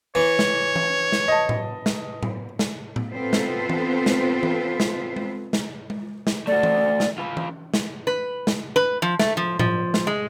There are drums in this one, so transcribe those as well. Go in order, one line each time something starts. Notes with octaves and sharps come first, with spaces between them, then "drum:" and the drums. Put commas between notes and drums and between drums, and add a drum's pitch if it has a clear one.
E3 C#5
drum: snare
drum: tom E3
drum: snare
D#5 A5
drum: tom A2
drum: snare
drum: tom A2
drum: snare
drum: tom A2
B3 C4 F4 A4 B4 C5
drum: snare
drum: tom E3
drum: snare
drum: tom E3
drum: snare
drum: tom G#3
drum: snare
drum: tom G#3
drum: snare
A3 F#4 D5
drum: tom E3
drum: snare
F4 B4
drum: tom E3
drum: snare
B4
drum: snare
B4
F3
A3, drum: snare
F3
F3, drum: tom A2
drum: snare
G#3